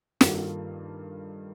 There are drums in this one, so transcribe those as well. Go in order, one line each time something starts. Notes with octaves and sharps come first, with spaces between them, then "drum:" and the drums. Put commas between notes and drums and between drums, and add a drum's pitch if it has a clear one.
G2 D#3 A#3 F4 A4, drum: snare